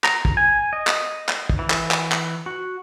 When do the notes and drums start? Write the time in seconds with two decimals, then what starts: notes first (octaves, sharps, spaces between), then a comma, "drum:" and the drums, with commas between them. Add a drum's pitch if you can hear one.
0.04 A#5, drum: clap
0.25 drum: kick
0.37 G#5
0.73 D#5
0.87 drum: clap
1.29 drum: clap
1.49 drum: kick
1.59 E3
1.70 drum: clap
1.91 drum: clap
2.12 drum: clap
2.46 F#4